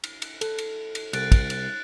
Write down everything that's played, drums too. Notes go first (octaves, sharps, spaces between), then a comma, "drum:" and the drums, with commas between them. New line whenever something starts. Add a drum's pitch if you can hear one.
drum: cymbal
drum: cymbal
A4, drum: cymbal
drum: cymbal
drum: cymbal
C2 F#6 A6 D7, drum: cymbal
drum: kick, cymbal
drum: cymbal